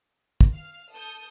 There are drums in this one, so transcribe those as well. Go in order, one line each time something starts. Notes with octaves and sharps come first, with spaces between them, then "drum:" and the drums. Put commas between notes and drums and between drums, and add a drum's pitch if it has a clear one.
drum: kick
F5 F6
A4 D#6 G6